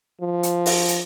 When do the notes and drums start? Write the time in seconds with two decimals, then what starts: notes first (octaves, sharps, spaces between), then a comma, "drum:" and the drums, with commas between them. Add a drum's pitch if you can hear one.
0.21 F3
0.43 drum: hi-hat
0.66 drum: open hi-hat
0.88 drum: hi-hat